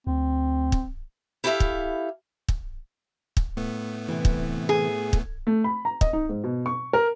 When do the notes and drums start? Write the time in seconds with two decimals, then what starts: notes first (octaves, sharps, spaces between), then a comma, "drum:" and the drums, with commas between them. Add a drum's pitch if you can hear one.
0.07 D2 C4
0.72 drum: kick
1.44 E4 G4 A4 C5 E5 F5
1.60 drum: kick
2.48 drum: kick
3.37 drum: kick
3.57 A2 A3 B3
4.08 C3 E3
4.25 drum: kick
4.69 G#4
5.13 drum: kick
5.47 A3
5.64 B5
5.85 A#5
6.01 D#5, drum: kick
6.13 D#4
6.29 G#2
6.44 B2
6.66 C#6
6.93 A#4